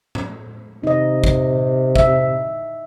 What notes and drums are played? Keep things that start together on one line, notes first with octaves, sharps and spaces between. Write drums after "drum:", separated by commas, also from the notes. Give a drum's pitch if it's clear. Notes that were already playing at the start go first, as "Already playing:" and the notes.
drum: tom
C3 D#4 D#5
drum: kick G#1
E5, drum: kick G#1